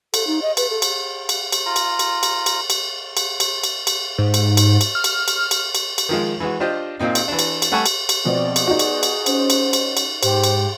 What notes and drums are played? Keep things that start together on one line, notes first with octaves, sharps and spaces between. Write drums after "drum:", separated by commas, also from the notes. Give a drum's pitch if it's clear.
A4, drum: cymbal
D#4
D#5
B4, drum: cymbal
A4
drum: cymbal
drum: cymbal
drum: cymbal
F4 A#5
drum: cymbal
drum: cymbal
drum: cymbal
drum: cymbal
drum: cymbal
drum: cymbal
drum: cymbal
drum: cymbal
drum: cymbal
G#2
drum: cymbal
drum: cymbal
drum: cymbal
F6
drum: cymbal
drum: cymbal
drum: cymbal
drum: cymbal
drum: cymbal
D#3 F3 G#3
E3 G#3 F#4
D4 F4 G4 C5 D#5
A#2 C4 D#4
drum: cymbal
E3 D4
drum: cymbal
drum: cymbal
G3 A3 F#5 G#5 A5 C#6
drum: cymbal
drum: cymbal
B2 F3 B3 C4 D5
drum: cymbal
B3 D#4 F#4 G#4
drum: cymbal
drum: cymbal
C#4 C5, drum: cymbal
drum: cymbal
drum: cymbal
drum: cymbal
G#2 G4 C5, drum: cymbal
drum: cymbal